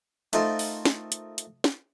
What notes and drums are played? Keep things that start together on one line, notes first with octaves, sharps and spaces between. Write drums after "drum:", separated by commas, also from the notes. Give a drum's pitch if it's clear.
A3 C4 D#4 F4 A4 A#4, drum: hi-hat
drum: open hi-hat
drum: snare
drum: hi-hat
drum: hi-hat
drum: snare